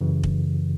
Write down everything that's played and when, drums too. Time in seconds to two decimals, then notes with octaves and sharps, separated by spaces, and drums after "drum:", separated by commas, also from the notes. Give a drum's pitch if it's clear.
0.01 F#2 C#3 E3
0.23 drum: kick